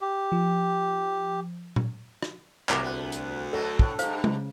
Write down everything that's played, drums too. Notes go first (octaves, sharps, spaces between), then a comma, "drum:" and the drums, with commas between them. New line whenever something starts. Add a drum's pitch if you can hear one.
G4
F3
drum: tom A#2
drum: rim click
C2 F#3 A3 A4 A#4 C5 G#5 D6, drum: clap
D2 B3
drum: hi-hat
B2 F#3 A4
A2, drum: kick
G2 C3 C5 F5, drum: hi-hat
C#3, drum: tom G#3